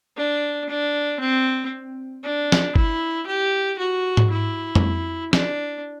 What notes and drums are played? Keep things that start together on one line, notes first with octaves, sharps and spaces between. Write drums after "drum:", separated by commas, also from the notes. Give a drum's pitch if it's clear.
D4
D4
C4
D4
drum: snare
E4, drum: kick G1
G4
F#4
drum: tom G#2
E4
drum: tom F2
D4, drum: snare